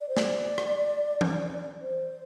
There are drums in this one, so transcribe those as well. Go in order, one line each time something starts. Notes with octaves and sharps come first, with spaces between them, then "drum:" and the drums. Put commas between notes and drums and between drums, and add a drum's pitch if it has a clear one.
D5
C5
D5, drum: snare
drum: rim click
drum: tom E3
C5